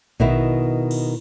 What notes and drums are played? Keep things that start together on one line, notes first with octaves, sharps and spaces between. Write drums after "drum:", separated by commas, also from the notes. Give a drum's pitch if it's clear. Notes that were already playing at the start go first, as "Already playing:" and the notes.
B2 D#3 E4, drum: kick A#1
drum: cymbal